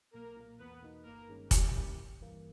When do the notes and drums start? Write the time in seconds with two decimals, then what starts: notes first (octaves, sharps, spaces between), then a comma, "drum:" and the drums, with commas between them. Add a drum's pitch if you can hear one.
0.13 B1 A#3 A#4
0.37 A#2 A#3
0.59 E2 B3 B4
0.82 B2 A#3 D#4
1.05 G1 A#3 A#4
1.29 G2 D#3 G#3 C#4
1.51 E2 G3 G4, drum: kick F1, hi-hat
1.74 D#3 A#3 C#4 E4
1.97 G1
2.20 G2 E3 A#3